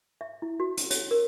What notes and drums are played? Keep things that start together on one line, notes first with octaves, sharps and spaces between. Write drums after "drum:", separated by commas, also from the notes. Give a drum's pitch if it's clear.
E5
E4
F#4
drum: hi-hat
C#5, drum: hi-hat
A#4